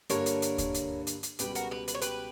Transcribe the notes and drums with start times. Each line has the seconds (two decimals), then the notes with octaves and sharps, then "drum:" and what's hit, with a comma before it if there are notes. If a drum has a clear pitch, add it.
0.10 G2 D3 G3 A#3 A#4 C#5, drum: hi-hat
0.26 drum: hi-hat
0.42 drum: hi-hat
0.58 drum: kick D2, hi-hat
0.75 drum: hi-hat
1.07 drum: hi-hat
1.23 drum: hi-hat
1.39 C#2 B2 G3 B3 G4 B4, drum: hi-hat
1.55 F#4 A#4, drum: hi-hat
1.71 G4 B4
1.88 B4, drum: hi-hat
1.95 C#5
2.02 G4 B4, drum: hi-hat